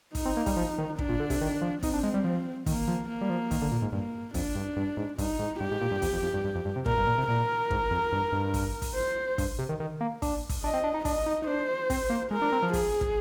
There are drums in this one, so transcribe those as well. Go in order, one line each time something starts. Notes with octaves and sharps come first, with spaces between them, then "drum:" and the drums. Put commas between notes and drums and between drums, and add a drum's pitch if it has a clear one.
D#4, drum: kick, open hi-hat
C4
A#3
G3, drum: kick, open hi-hat
F3
D#3
D4, drum: kick
A#2
D3
C3, drum: kick, open hi-hat
D#3
F3
C4 D#4, drum: kick, open hi-hat
D4
G#3
G3
F3
D#3 A#3, drum: kick, open hi-hat
F3
A#3
G3
F3
D#3, drum: kick, open hi-hat
D3
A#2
G#2
G2 A#3
F2 D4, drum: kick, open hi-hat
G2
G2
G#2
G2 D#4, drum: kick, open hi-hat
G#2
G2 G4
G#2
A#2
G2
F2, drum: kick, open hi-hat
F2
F2
G2
G2
F2
G2
C3
A#2 A#4, drum: kick
G2
A#2
C3
A#2 A#4
G#2, drum: kick
F2
G2
G2
drum: kick, open hi-hat
drum: kick, open hi-hat
C5
G2, drum: kick, open hi-hat
C3
D#3
D#3
A#3
D4, drum: kick, open hi-hat
drum: kick, open hi-hat
D4 D#5
C4
D4
D#4
D4 D#5, drum: kick, open hi-hat
D#4
D#4
D4 C5
C4, drum: kick, open hi-hat
A#3
G#3 A#4
D4
C4
F3
G#4, drum: kick, open hi-hat
drum: kick